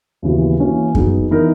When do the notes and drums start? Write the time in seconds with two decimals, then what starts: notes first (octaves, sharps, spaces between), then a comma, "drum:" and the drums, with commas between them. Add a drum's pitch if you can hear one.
0.22 D#2 C#3 E3 B3 F#4
0.59 E3 A#3 C#4 F#4
0.95 F#3 B3 D#4 G#4, drum: kick F#2
1.31 E3 B3 D#4 A#4